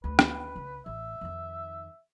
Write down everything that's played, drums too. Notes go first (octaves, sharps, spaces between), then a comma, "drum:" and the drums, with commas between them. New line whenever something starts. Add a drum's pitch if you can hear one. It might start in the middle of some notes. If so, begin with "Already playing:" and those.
D2 B4
drum: rim click
C#2
A1 E5
F2 D#3